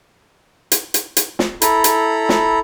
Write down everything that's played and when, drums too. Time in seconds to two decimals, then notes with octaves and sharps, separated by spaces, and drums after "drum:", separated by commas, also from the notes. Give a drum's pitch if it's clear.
0.72 drum: hi-hat
0.94 drum: hi-hat
1.17 drum: hi-hat
1.39 drum: snare
1.62 E4 A4 A#5 B5, drum: hi-hat
1.84 drum: hi-hat
2.29 drum: snare